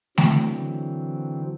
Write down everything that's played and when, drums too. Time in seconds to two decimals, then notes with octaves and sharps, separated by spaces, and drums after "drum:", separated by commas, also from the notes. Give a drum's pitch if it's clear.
0.18 D3 E3 F#3 C4, drum: snare